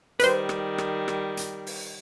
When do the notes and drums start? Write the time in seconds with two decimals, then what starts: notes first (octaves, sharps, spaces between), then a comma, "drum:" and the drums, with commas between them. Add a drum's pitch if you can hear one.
0.20 D#3 G3 B4 C5, drum: hi-hat
0.49 drum: rim click
0.78 drum: rim click
1.08 drum: rim click
1.37 drum: hi-hat
1.67 drum: open hi-hat